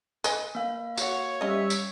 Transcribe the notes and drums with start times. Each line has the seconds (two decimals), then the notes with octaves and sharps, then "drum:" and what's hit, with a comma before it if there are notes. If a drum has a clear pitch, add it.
0.24 B4 D#5 G#5, drum: tambourine
0.55 A#3 F5
0.97 F#4 C#5 F#5, drum: tambourine
1.41 G3 C#4 D#5 E5
1.70 drum: tambourine